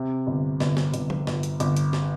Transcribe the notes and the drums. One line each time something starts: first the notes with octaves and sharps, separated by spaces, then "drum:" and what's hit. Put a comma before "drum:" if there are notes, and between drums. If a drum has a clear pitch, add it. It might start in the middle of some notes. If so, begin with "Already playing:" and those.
Already playing: C3
G1
G1, drum: snare
drum: snare
G1, drum: hi-hat
drum: tom F3
G1, drum: snare
drum: hi-hat
G1, drum: hi-hat
drum: hi-hat
drum: snare